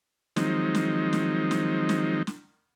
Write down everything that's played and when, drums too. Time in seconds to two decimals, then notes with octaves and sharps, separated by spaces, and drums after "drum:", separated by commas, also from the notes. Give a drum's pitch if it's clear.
0.36 D#3 F3 F#3 G#3 C4 D#4, drum: snare
0.75 drum: snare
1.13 drum: snare
1.51 drum: snare
1.89 drum: snare
2.27 drum: snare